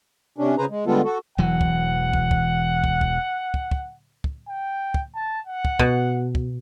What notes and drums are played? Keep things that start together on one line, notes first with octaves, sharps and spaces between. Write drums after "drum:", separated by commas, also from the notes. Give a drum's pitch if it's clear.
C3 C#4 D4
C#3 G#4 B4 C5 A#5
G#3
D3 G3 G#3 B3 F4 A4
F#4 A4
E1 E3 F#3 F#5
drum: kick
drum: kick
drum: kick
drum: kick
drum: kick
drum: kick
drum: kick
drum: kick
G5
drum: kick
A5
F#5
drum: kick
B2, drum: kick
drum: kick